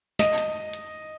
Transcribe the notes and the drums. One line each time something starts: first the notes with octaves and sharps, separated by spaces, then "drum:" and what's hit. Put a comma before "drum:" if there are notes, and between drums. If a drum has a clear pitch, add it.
D#5, drum: snare
drum: hi-hat
drum: hi-hat